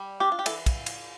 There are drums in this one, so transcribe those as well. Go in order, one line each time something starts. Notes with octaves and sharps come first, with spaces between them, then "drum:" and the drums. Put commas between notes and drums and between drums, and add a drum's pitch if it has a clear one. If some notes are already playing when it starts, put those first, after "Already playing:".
Already playing: G3
D4 G4
F4
G4
E3 A4, drum: cymbal
drum: kick, cymbal
drum: cymbal